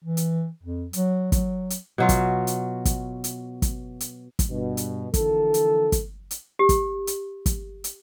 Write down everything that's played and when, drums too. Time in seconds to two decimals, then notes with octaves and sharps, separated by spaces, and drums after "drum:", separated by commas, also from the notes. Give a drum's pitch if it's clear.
0.04 E3
0.17 drum: hi-hat
0.63 F2
0.93 F#3, drum: hi-hat
1.32 F#3, drum: kick, hi-hat
1.70 drum: hi-hat
1.98 B2 F#3 F4
2.09 drum: kick, hi-hat
2.47 drum: hi-hat
2.85 drum: kick, hi-hat
3.24 drum: hi-hat
3.62 drum: kick, hi-hat
4.00 drum: hi-hat
4.39 drum: kick, hi-hat
4.50 G2 B2
4.77 drum: hi-hat
5.14 D3 E3 F3 A#3 A4, drum: kick, hi-hat
5.54 drum: hi-hat
5.92 drum: kick, hi-hat
6.31 drum: hi-hat
6.59 G4
6.69 drum: kick, hi-hat
7.07 drum: hi-hat
7.46 drum: kick, hi-hat
7.84 drum: hi-hat